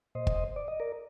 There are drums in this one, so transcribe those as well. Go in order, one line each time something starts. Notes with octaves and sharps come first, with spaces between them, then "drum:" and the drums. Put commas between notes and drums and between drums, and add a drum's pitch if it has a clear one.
A#2 C5 D#5
drum: kick
D5
D#5
A#4 D5